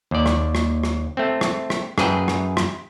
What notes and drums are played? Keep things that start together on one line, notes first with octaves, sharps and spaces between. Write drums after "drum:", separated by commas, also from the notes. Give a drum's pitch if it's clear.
D#2 D5
drum: rim click
drum: rim click
drum: rim click
A3 C4
drum: rim click
drum: rim click
F#2 G#4 B4 G5, drum: rim click
drum: rim click
drum: rim click